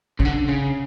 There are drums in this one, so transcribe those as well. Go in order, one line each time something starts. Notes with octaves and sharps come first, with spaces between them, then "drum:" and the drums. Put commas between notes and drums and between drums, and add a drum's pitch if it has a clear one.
C#3, drum: kick
D3
C#3